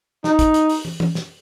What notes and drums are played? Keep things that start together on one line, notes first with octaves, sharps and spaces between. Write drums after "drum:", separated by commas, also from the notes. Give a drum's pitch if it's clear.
D#4, drum: snare
drum: kick, hi-hat
drum: hi-hat
drum: open hi-hat
drum: tom
drum: tom
drum: snare